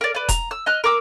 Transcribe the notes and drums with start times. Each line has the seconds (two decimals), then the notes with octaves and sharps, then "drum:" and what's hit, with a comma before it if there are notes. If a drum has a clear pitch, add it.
0.01 A#4 D5
0.15 B4 D5
0.29 A#5, drum: kick E1, hi-hat
0.51 E6
0.66 D#5 F6 F#6
0.84 A#4 D6 E6